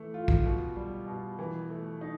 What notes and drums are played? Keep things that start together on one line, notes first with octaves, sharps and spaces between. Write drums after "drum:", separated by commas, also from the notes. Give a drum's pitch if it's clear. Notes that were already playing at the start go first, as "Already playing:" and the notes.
Already playing: E3 A3
F4
drum: kick
B2
G3
B2
E3
A3
D#4